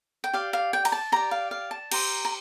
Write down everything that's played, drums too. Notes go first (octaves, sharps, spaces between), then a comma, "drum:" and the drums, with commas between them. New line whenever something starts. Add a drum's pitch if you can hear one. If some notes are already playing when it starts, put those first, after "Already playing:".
G5
G4 D5 F5
F5
G5
A#5, drum: cymbal
A5
G4 D5 A#5
F5
F5
A5
G4 C5 A#5, drum: cymbal
A#5